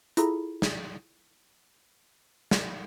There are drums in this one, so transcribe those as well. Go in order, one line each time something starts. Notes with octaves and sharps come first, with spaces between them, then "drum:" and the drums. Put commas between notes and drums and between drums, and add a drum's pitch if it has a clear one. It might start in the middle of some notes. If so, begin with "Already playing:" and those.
E4 F4 G#4 A4 A#5 B5, drum: hi-hat
drum: snare
drum: snare